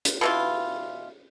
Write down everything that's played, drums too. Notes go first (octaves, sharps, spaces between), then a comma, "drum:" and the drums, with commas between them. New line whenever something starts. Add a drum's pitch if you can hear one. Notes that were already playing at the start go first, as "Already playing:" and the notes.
drum: hi-hat
B2 E3 F4